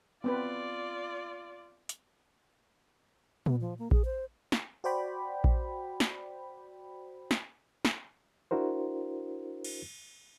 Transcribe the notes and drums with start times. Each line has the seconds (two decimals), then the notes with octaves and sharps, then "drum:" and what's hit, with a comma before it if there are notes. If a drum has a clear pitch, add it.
0.24 B3 C4 F4 B4 D5
1.89 drum: hi-hat
3.46 B3, drum: tom A#2
3.61 F3
3.79 A#3
3.91 G#4, drum: kick A#1
4.05 C5
4.52 drum: snare
4.84 F#4 C5 D5 G5 B5
5.44 drum: kick A#1
6.00 drum: snare
7.31 drum: snare
7.85 drum: snare
8.51 D4 E4 F#4 A#4 C5
9.64 drum: cymbal